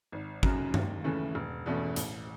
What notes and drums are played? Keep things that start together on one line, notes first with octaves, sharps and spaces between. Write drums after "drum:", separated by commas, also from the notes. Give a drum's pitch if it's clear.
G#1
F#2 C#3 F#3, drum: kick
D#2, drum: tom G2
C#3 E3 A3 C#4
E1
E2 B2 A3 C#4
A1, drum: hi-hat